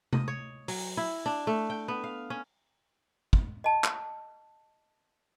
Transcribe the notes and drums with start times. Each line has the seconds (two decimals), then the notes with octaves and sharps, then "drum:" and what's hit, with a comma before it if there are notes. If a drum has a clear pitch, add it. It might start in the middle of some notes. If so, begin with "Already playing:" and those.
0.13 D#5, drum: tom C3
0.28 C#5
0.68 F#3, drum: open hi-hat
0.97 E4
1.26 D4
1.47 A3
1.70 G5
1.88 B3
2.04 F5
2.30 C#4
3.33 drum: kick
3.64 D#5 A5
3.84 drum: clap